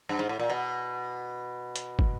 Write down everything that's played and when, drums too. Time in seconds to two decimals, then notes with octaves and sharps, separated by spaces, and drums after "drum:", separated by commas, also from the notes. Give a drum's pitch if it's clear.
0.09 G2
0.19 G#2
0.29 A2
0.39 A#2
0.50 B2
1.76 drum: hi-hat
1.99 drum: kick